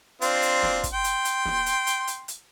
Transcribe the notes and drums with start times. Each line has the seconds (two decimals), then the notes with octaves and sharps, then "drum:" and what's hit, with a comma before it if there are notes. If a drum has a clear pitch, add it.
0.22 C4 D4 F4, drum: hi-hat
0.42 drum: hi-hat
0.63 drum: snare
0.83 drum: kick, hi-hat
0.93 G5 C6
1.04 drum: hi-hat
1.25 drum: hi-hat
1.45 drum: snare
1.66 drum: hi-hat
1.87 drum: hi-hat
2.07 drum: hi-hat
2.28 drum: hi-hat